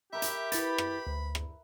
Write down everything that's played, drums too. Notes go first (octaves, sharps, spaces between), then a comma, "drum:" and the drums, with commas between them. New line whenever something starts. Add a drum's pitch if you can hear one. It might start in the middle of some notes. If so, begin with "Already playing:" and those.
E4 G4 A#4 E5 A#5
drum: hi-hat
E4 B4 B5 A6, drum: hi-hat
drum: rim click
D2
drum: rim click